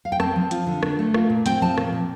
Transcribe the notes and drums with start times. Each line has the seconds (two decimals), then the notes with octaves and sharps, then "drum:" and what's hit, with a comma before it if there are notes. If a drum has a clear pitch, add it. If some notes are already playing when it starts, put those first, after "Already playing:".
0.05 F5
0.12 G5
0.20 C4 A5, drum: rim click
0.36 F3
0.51 F4, drum: hi-hat
0.67 D3
0.83 D4, drum: rim click
0.99 A3
1.14 F4, drum: rim click
1.30 A#2
1.46 C4 G5, drum: hi-hat
1.62 F3 A5
1.78 A#2, drum: rim click
1.93 A#2